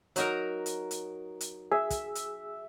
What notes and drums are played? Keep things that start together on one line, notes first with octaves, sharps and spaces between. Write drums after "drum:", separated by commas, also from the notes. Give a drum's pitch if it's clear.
F#3 D#4 A#4, drum: hi-hat
drum: hi-hat
drum: hi-hat
drum: hi-hat
G#4 E5
drum: kick, hi-hat
drum: hi-hat